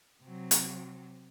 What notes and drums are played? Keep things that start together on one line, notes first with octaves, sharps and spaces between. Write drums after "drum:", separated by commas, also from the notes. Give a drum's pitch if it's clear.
C3 F#3
drum: hi-hat